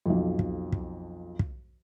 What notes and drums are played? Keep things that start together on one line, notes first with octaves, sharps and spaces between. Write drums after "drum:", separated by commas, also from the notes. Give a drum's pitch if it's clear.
B1 F2
drum: kick
drum: kick
drum: kick